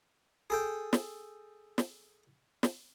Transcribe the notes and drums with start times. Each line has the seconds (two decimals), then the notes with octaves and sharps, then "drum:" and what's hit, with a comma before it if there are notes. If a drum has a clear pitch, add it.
0.50 G#4 A4 G5
0.93 drum: snare
1.78 drum: snare
2.63 drum: snare